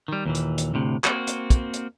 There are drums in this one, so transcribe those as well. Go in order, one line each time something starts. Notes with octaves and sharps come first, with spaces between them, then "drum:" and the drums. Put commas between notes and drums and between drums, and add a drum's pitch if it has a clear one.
D#3 G3
D#2 A#2 E3
drum: hi-hat
drum: hi-hat
D2 A2 C3
A#3 C4 F#4, drum: clap
drum: hi-hat
drum: kick, hi-hat
drum: hi-hat